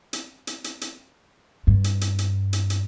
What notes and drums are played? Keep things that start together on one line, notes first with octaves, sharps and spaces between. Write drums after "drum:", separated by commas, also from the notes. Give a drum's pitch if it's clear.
drum: hi-hat
drum: hi-hat
drum: hi-hat
drum: hi-hat
G2
drum: hi-hat
drum: hi-hat
drum: hi-hat
drum: hi-hat
drum: hi-hat